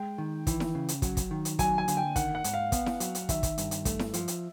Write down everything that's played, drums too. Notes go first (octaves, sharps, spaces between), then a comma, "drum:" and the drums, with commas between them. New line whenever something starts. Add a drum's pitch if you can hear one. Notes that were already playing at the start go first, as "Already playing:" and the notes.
Already playing: G#3 G5
D#3
E3, drum: kick, hi-hat
drum: snare E4
C#3
drum: hi-hat
F#3, drum: kick, hi-hat
drum: kick, hi-hat
D#3
drum: hi-hat
F#3 G#5, drum: kick, hi-hat
G#5
D3, drum: hi-hat
G5
D#3 F#5, drum: kick, hi-hat
F#5
G#2, drum: hi-hat
F5
B3, drum: kick, hi-hat
drum: snare E4
F#3, drum: hi-hat
drum: hi-hat
D#3 E5, drum: kick, hi-hat
drum: kick, hi-hat
G2, drum: hi-hat
drum: hi-hat
A3, drum: kick, hi-hat
drum: snare E4
F3, drum: hi-hat
drum: hi-hat